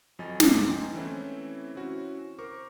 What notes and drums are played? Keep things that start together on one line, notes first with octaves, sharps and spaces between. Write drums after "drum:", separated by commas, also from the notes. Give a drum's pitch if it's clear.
F2 F#3 D#5 G#5 A6
G1 C#2 G#3 B3 D6, drum: snare
D#5 G5 G#5 A#5 C6
E3 A3 C4 C#4 E4
C4 C#4 E4 F#4
A#4 C5 C#6 D6